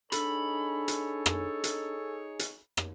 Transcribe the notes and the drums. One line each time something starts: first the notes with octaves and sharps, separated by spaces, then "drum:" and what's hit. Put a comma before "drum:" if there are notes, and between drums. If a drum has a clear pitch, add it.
D4 D#4 G#4 A4 C#5 B5, drum: hi-hat
drum: hi-hat
drum: rim click
drum: hi-hat
drum: hi-hat
drum: rim click